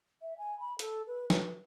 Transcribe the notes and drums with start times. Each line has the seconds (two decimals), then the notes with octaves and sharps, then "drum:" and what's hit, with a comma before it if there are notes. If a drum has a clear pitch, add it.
0.22 E5
0.38 G#5
0.60 B5
0.79 A4, drum: hi-hat
1.07 B4
1.30 B4, drum: snare